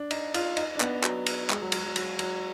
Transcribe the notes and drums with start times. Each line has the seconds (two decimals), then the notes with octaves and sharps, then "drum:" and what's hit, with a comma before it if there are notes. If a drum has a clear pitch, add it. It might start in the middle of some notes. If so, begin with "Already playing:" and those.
Already playing: D4
0.11 D#4, drum: cymbal
0.34 F4, drum: cymbal
0.57 D#4, drum: cymbal
0.76 D4
0.80 B3, drum: clap
1.03 F#3, drum: clap
1.26 drum: cymbal
1.50 G#3, drum: clap
1.62 F#3
1.72 F#3, drum: cymbal
1.84 F#3
1.96 F#3, drum: cymbal
2.19 F#3, drum: cymbal